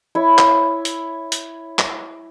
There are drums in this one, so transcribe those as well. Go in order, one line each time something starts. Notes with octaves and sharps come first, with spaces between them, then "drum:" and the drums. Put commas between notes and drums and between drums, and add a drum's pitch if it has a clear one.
E4 C#5
drum: clap
drum: hi-hat
drum: hi-hat
drum: clap